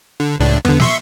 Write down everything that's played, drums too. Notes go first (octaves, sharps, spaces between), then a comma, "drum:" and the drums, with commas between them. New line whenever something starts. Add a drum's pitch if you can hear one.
D3
C#2 A2 D4
D3 B3, drum: tom E2
E5 C6 C#6, drum: snare